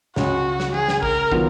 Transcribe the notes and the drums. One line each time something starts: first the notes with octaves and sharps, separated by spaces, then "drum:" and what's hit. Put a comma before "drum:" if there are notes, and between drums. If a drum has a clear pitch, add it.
C#2 C#3 G#3 F#4, drum: snare
drum: snare
G#4, drum: tom E3
drum: snare
A#4, drum: kick
D#3 F#3 B3 F4 A#4, drum: kick